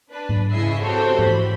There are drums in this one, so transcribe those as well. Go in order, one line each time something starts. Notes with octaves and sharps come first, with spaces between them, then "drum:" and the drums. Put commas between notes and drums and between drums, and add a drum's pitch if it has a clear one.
D4 B4
drum: tom G#2
C#3 E4 D#5 E5 C7
C4 F#4 G4 A4 C5 C#5
E3 B5, drum: tom G#2